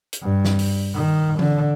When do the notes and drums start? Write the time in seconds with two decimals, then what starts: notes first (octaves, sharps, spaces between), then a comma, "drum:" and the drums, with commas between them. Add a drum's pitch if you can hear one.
0.13 drum: hi-hat
0.22 G2
0.45 drum: snare
0.59 drum: open hi-hat
0.94 D#3
1.39 D3, drum: tom E3